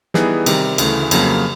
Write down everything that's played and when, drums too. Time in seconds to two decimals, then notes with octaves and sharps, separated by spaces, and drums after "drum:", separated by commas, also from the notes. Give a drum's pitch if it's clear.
0.14 E3 G3 B3 D#4 G#4, drum: snare
0.46 C3 D#3 G3, drum: cymbal
0.78 D2 C#3 E3 A3, drum: cymbal
1.11 F2 C#3 F#3 A#3, drum: cymbal